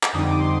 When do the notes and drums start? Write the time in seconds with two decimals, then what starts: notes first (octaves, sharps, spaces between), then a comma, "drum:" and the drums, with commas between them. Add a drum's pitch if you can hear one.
0.03 drum: clap
0.13 F2 D3 G3 C4 D#4 D#6
0.26 D6
0.38 C6